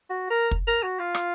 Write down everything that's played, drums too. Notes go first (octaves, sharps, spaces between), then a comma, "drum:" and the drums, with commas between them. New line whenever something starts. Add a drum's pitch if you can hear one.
F#4
A#4
drum: kick
A#4
F#4
F4
drum: rim click